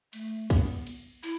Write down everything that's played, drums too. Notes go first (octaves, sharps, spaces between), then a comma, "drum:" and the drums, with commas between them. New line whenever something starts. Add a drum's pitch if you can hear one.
A3, drum: cymbal
B3, drum: kick, cymbal
drum: cymbal
E4, drum: cymbal